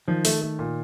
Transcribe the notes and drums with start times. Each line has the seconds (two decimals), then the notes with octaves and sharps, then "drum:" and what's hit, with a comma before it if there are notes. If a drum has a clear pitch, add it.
0.08 D#3 F3
0.25 A3, drum: open hi-hat
0.42 A3
0.59 A#2